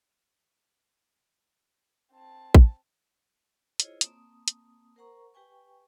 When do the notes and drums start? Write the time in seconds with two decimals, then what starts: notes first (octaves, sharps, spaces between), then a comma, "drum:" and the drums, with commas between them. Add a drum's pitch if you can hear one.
2.12 C4 A5
2.55 drum: kick A1
3.80 E4 F4 G#4 C5 C#5 D#5, drum: hi-hat
4.01 A#3 C4 A5 D#6, drum: hi-hat
4.48 drum: hi-hat
4.96 A#4 C5 F#5 A#5 C#6
5.34 G4 B4 G5 G#5 C#6